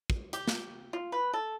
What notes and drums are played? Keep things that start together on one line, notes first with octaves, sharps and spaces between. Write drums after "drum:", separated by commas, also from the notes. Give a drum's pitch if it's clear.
drum: kick
G4, drum: hi-hat
drum: snare
F4
B4
A4